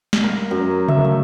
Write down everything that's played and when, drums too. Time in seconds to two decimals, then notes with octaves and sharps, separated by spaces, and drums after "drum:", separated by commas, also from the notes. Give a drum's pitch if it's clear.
0.13 drum: snare
0.24 A#4
0.51 F#2
0.88 E5, drum: tom C#3
1.05 A3